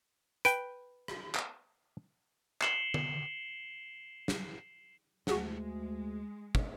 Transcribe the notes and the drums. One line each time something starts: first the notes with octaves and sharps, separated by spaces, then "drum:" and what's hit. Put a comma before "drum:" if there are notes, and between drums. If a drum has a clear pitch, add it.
B4 G5 D7, drum: hi-hat
drum: rim click
drum: clap
C7 C#7 E7 F#7 G7, drum: clap
drum: tom D3
drum: snare
D2 G#3 F#4 G#4 F#5, drum: snare
drum: kick